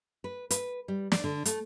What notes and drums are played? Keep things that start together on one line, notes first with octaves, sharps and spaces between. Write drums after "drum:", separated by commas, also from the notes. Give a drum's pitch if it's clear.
B4
B4, drum: hi-hat
G3
D5, drum: snare
D3
A3, drum: hi-hat